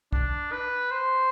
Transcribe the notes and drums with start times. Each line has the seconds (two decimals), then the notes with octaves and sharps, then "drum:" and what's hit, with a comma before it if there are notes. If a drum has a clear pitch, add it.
0.13 D4, drum: kick
0.52 B4
0.91 C5